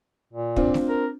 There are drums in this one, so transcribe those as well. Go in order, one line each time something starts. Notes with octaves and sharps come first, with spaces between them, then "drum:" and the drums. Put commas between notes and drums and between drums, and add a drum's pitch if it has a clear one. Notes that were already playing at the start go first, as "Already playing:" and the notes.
A#2
C4 D4 F4, drum: kick
drum: snare A3
A#4